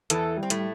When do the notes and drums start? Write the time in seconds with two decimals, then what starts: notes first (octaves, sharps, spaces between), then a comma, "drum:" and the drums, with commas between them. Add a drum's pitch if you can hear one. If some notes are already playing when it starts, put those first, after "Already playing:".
0.10 E2 E3 A4, drum: hi-hat
0.38 G3
0.43 C4
0.50 A2 A3, drum: hi-hat